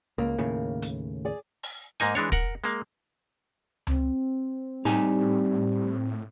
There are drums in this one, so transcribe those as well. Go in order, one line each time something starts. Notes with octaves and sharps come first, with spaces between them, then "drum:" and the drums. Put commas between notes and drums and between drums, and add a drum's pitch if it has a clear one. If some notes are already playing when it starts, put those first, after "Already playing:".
C#2 A#3
D#2 A2 C#3
drum: hi-hat
G#4 D5
drum: open hi-hat
G#2 A#3 D#4 G#5, drum: hi-hat
E3 G#3 D4 C#5
A#4 F#5, drum: kick
G#3 A#3, drum: hi-hat
C4, drum: tom C#2
A2 G3 D#4 G4 G#5